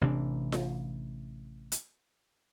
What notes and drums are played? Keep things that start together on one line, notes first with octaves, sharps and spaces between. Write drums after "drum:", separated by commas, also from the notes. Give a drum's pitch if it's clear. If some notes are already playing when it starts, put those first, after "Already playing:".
A1 C3 E3 D4
drum: snare F4
drum: hi-hat